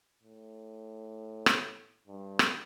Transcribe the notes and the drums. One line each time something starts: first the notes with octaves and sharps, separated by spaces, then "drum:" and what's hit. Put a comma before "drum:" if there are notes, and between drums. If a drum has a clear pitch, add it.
A2
drum: rim click
G2
drum: rim click